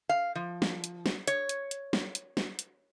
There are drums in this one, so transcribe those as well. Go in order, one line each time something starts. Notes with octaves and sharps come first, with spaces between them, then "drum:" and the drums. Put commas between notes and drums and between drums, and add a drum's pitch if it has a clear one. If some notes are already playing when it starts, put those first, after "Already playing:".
F5
F3
drum: snare
drum: hi-hat
drum: snare
C#5, drum: hi-hat
drum: hi-hat
drum: hi-hat
drum: snare
drum: hi-hat
drum: snare
drum: hi-hat